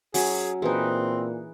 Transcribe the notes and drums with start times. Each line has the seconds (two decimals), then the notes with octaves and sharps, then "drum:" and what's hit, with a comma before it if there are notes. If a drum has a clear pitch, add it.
0.14 F#3 C#4 G#4, drum: open hi-hat
0.62 A#2 E3 C4 D#4 G#4 B4